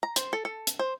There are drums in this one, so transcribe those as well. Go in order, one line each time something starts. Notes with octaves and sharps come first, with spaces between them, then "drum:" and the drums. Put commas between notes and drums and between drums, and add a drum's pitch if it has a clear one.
A#5
C5, drum: hi-hat
A4
A4
drum: hi-hat
C5